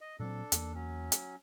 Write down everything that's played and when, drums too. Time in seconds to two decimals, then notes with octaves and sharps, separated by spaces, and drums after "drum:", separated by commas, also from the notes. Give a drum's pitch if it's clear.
0.01 D#5
0.20 A#2 F#3 C4 D4 A4
0.52 E2 A#3, drum: hi-hat
0.74 F#3 C#4
1.12 drum: hi-hat